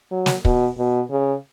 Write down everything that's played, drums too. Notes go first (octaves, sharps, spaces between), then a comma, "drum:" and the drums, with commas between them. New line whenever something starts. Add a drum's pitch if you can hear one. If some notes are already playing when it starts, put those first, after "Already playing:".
F#3
drum: snare
B2, drum: kick
B2
C#3